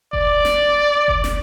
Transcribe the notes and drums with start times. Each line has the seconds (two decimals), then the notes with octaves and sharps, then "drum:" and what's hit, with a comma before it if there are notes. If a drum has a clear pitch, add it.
0.13 D5, drum: kick F1
0.45 drum: snare
1.08 drum: kick F1
1.24 drum: snare